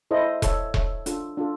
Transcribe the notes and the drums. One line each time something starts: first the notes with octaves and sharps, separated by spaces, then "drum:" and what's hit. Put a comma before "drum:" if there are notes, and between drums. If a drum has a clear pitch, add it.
E4 A4 C5 D#5
A4 C#5 E5, drum: kick E1, hi-hat
A4 C#5 E5, drum: kick E1
D4 F4 A4, drum: hi-hat
D4 F4 A4